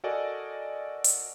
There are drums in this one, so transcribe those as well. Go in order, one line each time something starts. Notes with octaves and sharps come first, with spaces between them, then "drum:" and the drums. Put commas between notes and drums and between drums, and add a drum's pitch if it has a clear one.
F#4 A4 A#4 D5 D#5 G#5
drum: hi-hat